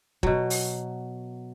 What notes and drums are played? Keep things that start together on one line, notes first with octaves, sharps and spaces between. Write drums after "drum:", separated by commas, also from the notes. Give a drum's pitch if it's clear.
B2 F#3, drum: kick E1
drum: open hi-hat